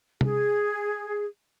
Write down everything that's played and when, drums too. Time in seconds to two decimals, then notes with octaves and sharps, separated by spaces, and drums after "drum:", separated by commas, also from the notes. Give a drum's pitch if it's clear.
0.21 G#4, drum: tom C3